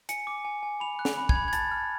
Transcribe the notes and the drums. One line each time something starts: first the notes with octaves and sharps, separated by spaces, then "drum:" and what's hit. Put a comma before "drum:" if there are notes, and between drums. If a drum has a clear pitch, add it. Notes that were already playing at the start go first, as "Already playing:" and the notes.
G#5 C#7, drum: hi-hat
D6
G#5
G#5
B5 F7
F#6
F7, drum: snare
B5
G#6, drum: kick
B5
G#6
A5 A6, drum: hi-hat
F6